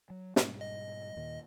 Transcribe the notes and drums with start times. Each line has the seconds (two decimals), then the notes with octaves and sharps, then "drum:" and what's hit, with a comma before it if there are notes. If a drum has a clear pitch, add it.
0.10 F#3
0.36 G#2 B2 G3, drum: snare
0.61 D#5
1.16 D#2 A#2 D#3